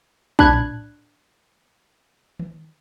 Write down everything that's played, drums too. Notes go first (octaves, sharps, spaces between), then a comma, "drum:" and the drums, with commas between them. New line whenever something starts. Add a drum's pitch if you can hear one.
D4 B5 F#6 G#6, drum: kick
drum: tom A2
drum: tom D#3